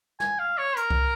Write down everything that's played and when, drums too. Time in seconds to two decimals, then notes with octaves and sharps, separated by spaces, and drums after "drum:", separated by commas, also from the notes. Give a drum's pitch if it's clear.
0.20 G#5, drum: snare
0.39 F5
0.58 C#5
0.76 A#4, drum: hi-hat
0.90 drum: kick C2